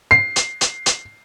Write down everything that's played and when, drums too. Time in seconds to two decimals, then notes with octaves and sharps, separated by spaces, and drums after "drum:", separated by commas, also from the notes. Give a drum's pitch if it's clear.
0.11 C7
0.36 drum: hi-hat
0.61 drum: hi-hat
0.86 drum: hi-hat